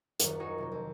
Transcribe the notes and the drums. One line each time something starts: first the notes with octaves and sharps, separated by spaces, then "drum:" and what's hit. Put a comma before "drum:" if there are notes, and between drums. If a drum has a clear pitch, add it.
D#1 F#2, drum: hi-hat
D#4 F#4 G#5 C#6
C3 A#3 C4
F2